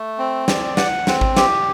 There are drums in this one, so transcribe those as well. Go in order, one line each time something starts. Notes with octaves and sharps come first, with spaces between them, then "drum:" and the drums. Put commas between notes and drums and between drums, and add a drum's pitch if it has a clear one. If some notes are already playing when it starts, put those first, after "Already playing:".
Already playing: A3
C4
D5, drum: snare
F#5, drum: snare
C4, drum: snare
drum: kick G#1
G4, drum: snare